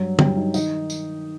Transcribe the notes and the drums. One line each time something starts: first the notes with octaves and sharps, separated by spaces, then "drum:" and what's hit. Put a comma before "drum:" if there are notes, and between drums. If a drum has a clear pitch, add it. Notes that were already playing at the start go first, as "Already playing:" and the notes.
Already playing: G2 F#3
G2 F#3 G4, drum: tom
D#4
D#3 D#4, drum: tambourine
drum: tambourine